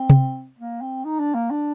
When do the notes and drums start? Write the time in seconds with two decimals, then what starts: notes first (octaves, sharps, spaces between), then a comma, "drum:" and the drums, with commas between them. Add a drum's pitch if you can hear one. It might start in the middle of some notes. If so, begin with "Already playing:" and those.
Already playing: C4
0.10 drum: tom C3
0.59 A#3
0.81 C4
1.05 D#4
1.19 D4
1.35 A#3
1.50 D4